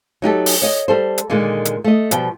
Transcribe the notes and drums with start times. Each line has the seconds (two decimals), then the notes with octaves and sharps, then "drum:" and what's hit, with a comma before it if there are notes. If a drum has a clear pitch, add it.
0.22 F#3 D#4 G4 A4
0.46 drum: open hi-hat
0.62 C#5 D#5
0.88 G3 A4 C5
1.18 drum: hi-hat
1.30 A#2 D3 D#3 G#3
1.65 drum: hi-hat
1.84 A3 D#5
2.11 B2 F3 G3 G5, drum: hi-hat